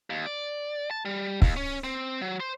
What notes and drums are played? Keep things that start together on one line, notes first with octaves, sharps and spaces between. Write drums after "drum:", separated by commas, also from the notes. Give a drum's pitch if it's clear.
D#2
D5
A5
G3
D#2, drum: kick
C#4
C4
F#3
C5